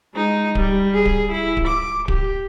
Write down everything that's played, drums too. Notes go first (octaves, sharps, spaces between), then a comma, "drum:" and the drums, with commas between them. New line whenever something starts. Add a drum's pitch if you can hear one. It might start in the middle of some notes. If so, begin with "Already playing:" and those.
G#3 D#4
G3, drum: kick D1
G#4
drum: kick D1
E4
drum: kick D1
D6
G4, drum: kick D1